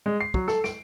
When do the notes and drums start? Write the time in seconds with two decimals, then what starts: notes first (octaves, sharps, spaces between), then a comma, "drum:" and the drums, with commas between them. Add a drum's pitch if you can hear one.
0.06 G#3
0.21 C7
0.34 F#3, drum: kick
0.48 A4, drum: snare
0.64 D7, drum: snare